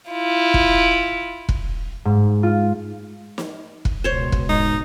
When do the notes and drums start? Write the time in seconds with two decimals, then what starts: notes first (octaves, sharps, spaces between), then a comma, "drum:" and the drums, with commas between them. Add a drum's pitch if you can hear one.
0.11 E4 F4
0.54 drum: kick F1
1.49 drum: kick F1
2.05 G#2
2.43 F4
3.38 drum: snare
3.85 drum: kick F1
4.04 C#2 B2 C5 C#5
4.32 drum: kick F1
4.49 A1 G#2 G#3 D#4